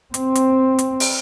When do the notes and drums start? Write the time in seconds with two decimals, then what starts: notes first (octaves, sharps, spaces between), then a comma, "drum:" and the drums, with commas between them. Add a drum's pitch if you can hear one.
0.14 C4, drum: hi-hat
0.35 drum: hi-hat
0.79 drum: hi-hat
1.00 drum: open hi-hat